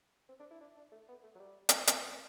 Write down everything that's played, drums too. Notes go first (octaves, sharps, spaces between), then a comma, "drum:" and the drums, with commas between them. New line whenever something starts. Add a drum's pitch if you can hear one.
C4
D4
E4
D4
D4
A3
B3
A3
F#3
G3
D4, drum: hi-hat
C4
B3, drum: hi-hat